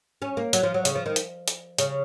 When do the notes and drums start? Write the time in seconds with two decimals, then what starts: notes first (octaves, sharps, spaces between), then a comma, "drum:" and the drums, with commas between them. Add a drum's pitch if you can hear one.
0.22 C#4
0.37 A#3
0.53 F#3, drum: hi-hat
0.63 F3
0.74 F#3
0.85 C#3, drum: hi-hat
0.95 F3
1.06 D#3
1.16 drum: hi-hat
1.48 drum: hi-hat
1.78 C#3, drum: hi-hat